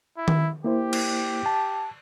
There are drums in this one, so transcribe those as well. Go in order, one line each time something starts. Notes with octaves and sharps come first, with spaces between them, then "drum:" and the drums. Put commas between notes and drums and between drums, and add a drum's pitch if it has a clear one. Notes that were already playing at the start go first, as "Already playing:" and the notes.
E4
drum: tom D#3
A#3 E4 G4 C5
drum: cymbal
A5